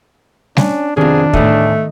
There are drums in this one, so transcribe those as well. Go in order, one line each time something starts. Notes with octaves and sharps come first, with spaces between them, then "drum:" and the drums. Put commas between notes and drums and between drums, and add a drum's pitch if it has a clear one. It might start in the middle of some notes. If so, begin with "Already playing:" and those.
C#4 D4, drum: snare G3
F2 C3 D#3 B3 D4 G#4
E2 A2 A3 D#5, drum: kick